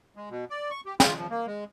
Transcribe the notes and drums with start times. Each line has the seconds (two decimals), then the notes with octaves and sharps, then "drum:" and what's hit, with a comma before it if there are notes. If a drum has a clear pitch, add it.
0.16 G#3
0.30 B2
0.50 D5
0.71 C#6
0.86 G4
1.00 F4, drum: snare
1.17 F3
1.30 A#3
1.47 G#3